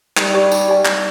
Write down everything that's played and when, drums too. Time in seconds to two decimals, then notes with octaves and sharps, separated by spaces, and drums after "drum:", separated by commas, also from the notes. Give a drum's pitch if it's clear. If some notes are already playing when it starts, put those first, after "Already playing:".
0.17 G3 D#4, drum: clap
0.34 G4 D5 G#5
0.52 D#4, drum: tambourine
0.68 G4 D5 G#5
0.85 D#4, drum: clap